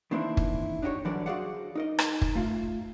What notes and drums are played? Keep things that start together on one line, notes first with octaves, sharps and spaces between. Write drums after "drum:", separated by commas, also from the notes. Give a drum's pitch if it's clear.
D#3 E3 A#3 C4 D4 E4
drum: kick
D4 D#4 F#4 G4 B4 C#5
D3 E3 F#3 G3 A#4 D5
F#4 G#4 C5 D5 F5 F#5
D#4 A#4 D#5
drum: rim click
drum: kick
A3 F4